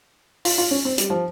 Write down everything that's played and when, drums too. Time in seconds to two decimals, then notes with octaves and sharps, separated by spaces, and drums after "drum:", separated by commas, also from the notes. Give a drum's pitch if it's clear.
0.45 F4, drum: open hi-hat
0.58 F4
0.71 C#4
0.85 C4
0.98 G3, drum: hi-hat
1.10 F3